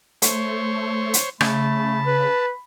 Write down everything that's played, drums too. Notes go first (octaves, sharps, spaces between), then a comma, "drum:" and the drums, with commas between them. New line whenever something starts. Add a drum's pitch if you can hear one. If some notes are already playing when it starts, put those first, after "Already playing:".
A3 C5 C#5, drum: hi-hat
drum: hi-hat
C#3 A3 A5 B5, drum: rim click
B4